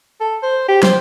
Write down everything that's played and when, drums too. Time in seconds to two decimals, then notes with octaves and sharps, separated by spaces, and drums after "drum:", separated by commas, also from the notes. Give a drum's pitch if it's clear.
0.21 A4
0.43 C5
0.68 G4
0.83 C5, drum: snare